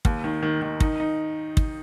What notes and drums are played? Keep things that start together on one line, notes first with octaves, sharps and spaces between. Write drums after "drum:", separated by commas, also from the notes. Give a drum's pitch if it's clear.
D#2, drum: kick
D#3
D#3
D#3
D#4, drum: kick
D#4
drum: kick